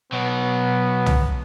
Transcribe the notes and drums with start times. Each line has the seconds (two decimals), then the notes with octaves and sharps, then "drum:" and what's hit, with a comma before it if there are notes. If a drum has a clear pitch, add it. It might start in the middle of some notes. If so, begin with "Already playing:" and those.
0.12 B2 F#3 B3
1.06 drum: tom